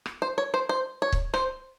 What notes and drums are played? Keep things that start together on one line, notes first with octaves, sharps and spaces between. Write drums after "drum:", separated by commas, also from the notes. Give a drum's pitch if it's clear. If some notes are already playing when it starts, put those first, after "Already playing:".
drum: rim click
C5
C#5
C5
C5
C#5
drum: kick
C5, drum: rim click